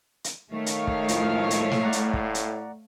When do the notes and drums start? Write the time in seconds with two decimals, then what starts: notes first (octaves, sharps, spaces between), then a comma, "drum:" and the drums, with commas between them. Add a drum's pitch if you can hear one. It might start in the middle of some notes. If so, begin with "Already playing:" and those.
0.24 drum: hi-hat
0.53 D#3 A3 C#5 F5
0.66 drum: hi-hat
0.87 drum: kick
1.08 A2 F3 E4, drum: hi-hat
1.50 drum: hi-hat
1.71 drum: snare
1.83 A2 D5 F#5 A#5
1.92 drum: hi-hat
2.14 drum: kick
2.35 drum: hi-hat